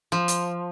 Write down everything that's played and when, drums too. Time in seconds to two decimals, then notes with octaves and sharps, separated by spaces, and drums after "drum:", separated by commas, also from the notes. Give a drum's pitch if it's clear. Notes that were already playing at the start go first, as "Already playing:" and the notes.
0.12 F3
0.28 drum: hi-hat